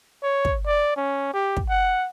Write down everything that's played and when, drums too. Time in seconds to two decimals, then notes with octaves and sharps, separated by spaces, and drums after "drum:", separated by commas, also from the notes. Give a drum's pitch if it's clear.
0.23 C#5
0.45 drum: kick
0.67 D5
0.97 C#4
1.33 G4
1.57 drum: kick
1.69 F#5